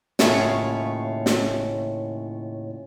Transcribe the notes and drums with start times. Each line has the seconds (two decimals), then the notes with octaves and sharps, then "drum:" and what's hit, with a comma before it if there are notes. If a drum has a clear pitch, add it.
0.19 D#2 A2 C#3 F4 C#5 E5, drum: snare
1.26 drum: snare